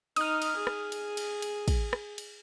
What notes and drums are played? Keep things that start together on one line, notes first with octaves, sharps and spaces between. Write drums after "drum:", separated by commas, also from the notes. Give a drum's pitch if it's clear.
D#4 D#6 F6, drum: cymbal
drum: cymbal
G#4
drum: rim click
drum: cymbal
drum: cymbal
drum: cymbal
drum: kick, cymbal
drum: rim click
drum: cymbal